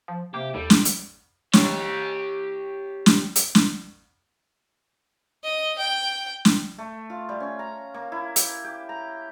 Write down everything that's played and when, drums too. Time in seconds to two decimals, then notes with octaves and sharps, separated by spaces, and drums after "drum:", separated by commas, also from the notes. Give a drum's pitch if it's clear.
0.08 F3
0.34 C3 A#3 G4
0.54 D#2 G3 A4
0.70 drum: snare
0.85 drum: hi-hat
1.53 G4 C#5, drum: snare
3.06 drum: snare
3.36 drum: hi-hat
3.55 drum: snare
5.44 D#5
5.78 G5
6.45 drum: snare
6.78 A3
7.10 F4
7.29 G3
7.40 C#4
7.59 A#5
7.94 A#3
8.12 E4
8.36 G4, drum: hi-hat
8.64 G4
8.89 A#5